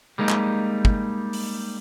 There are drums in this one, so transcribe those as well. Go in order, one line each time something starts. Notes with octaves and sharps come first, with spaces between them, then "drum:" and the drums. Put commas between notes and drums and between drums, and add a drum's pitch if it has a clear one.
G3 G#3 A#3 D#4
drum: clap
drum: kick
drum: open hi-hat